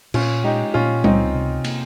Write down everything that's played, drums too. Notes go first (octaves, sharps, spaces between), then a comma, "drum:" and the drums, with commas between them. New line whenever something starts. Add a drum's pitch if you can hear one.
A#2 C#4 F4, drum: cymbal
G#3 D#4 G4
A#2 C#4 F4
C#2 C4 D#4, drum: tom G3
C3
A#3, drum: cymbal